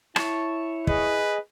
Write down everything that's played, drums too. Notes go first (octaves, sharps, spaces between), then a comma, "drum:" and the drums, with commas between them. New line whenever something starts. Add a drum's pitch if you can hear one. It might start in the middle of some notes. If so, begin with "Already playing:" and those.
E4 C#5 A5, drum: rim click
G#4 B4 D#5, drum: kick